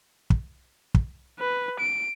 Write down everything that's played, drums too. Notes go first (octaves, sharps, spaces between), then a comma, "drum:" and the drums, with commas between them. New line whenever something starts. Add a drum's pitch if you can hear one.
drum: kick
drum: kick
B4
D7